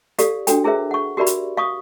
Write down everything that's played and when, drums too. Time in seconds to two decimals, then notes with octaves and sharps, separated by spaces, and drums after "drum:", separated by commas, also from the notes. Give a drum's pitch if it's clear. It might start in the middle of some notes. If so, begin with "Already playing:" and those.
0.19 G4 A4 D5 F5, drum: hi-hat
0.47 D4 F#4 A4 G5, drum: hi-hat
0.64 E4 G#4 A#4 C5 E5
0.91 F#5 C#6
1.17 F#4 G4 A#4 D5 E5 B5
1.26 drum: hi-hat
1.57 F5 C#6 D#6